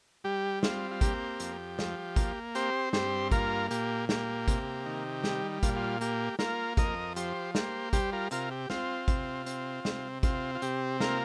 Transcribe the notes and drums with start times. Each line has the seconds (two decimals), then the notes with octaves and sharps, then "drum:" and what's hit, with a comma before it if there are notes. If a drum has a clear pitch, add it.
0.24 G3 G4
0.63 C4 F4, drum: snare
0.91 F4
1.01 A#3 G4, drum: kick G#1, hi-hat
1.40 F2, drum: hi-hat
1.79 F3, drum: snare
2.16 A#3, drum: kick G#1, hi-hat
2.55 C4 G4 C5, drum: hi-hat
2.93 G2 G4 C5, drum: snare
3.31 A#3 F4 A#4, drum: kick G#1, hi-hat
3.71 A#2 G4, drum: hi-hat
4.09 A#3 G4, drum: snare
4.48 C3, drum: kick G#1, hi-hat
4.86 D#3
5.24 G3, drum: snare
5.63 A#2 F4, drum: kick G#1, hi-hat
5.76 F4
6.01 A#3 G4, drum: hi-hat
6.39 A#3 F4 A#4, drum: snare
6.77 F2 A#4 D#5, drum: kick G#1, hi-hat
7.16 F3 G4 C5, drum: hi-hat
7.55 A#3 G4 C5, drum: snare
7.93 G3 G4 C5, drum: kick G#1, hi-hat
8.12 F4 A#4
8.31 C3 F4 A#4, drum: hi-hat
8.51 G4
8.70 C4 F4, drum: snare
9.08 C3, drum: kick G#1, hi-hat
9.46 C4, drum: hi-hat
9.85 C3, drum: snare
10.23 C4 F4, drum: kick G#1, hi-hat
10.55 F4
10.62 C3 G4, drum: hi-hat
11.00 A#3 F4 A#4, drum: snare